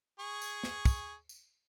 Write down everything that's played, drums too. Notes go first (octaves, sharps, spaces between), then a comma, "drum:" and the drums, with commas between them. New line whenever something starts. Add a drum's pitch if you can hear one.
G#4 C#6
drum: tambourine
drum: snare
drum: kick, tambourine
drum: tambourine